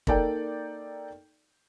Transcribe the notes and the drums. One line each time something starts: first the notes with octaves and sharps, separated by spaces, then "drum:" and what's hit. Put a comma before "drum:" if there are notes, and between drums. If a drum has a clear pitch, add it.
A#3 D#4 A4 D5 G5, drum: kick